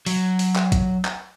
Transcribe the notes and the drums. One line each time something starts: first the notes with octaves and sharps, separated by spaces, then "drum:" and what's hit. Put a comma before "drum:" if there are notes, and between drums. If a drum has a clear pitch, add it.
F#3, drum: open hi-hat
drum: open hi-hat
drum: clap
drum: kick, hi-hat
drum: clap